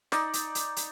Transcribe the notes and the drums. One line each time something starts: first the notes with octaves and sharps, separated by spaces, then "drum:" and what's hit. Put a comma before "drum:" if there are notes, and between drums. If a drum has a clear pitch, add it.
D#4 D5, drum: snare
drum: hi-hat
drum: hi-hat
drum: hi-hat